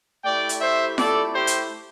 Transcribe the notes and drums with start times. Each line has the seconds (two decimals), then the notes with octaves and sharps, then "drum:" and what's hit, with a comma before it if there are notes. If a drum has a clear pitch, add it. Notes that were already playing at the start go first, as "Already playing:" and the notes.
0.24 A3 E4 G4 D5 G5
0.49 drum: hi-hat
0.61 C5 E5
0.98 A3 E4 G4 A4 D5, drum: snare F4
1.35 G4 C5
1.47 drum: hi-hat